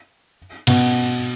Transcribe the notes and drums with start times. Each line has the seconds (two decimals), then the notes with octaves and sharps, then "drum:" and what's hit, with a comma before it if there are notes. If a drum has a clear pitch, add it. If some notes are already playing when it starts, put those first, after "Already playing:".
0.67 B2, drum: cymbal